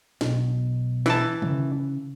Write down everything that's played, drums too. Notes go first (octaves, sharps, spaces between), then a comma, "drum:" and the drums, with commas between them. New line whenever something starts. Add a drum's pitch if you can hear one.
B1 B2, drum: snare
E3 A5, drum: snare
A2 C#3, drum: tom D3